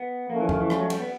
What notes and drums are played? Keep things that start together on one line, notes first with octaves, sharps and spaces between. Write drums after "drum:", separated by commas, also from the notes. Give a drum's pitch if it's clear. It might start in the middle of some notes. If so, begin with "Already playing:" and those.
Already playing: B3
F3 A3 A#3 C#4
E3
D#3, drum: tom E2
E3
G3, drum: rim click
F#3
G3, drum: cymbal
B3